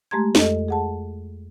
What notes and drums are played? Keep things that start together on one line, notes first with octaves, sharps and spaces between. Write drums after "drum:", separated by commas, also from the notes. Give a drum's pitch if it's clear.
G#3 A3 G4 A#5 C6 G#6
F2 A4 D#5, drum: snare
G#4 F#5 A5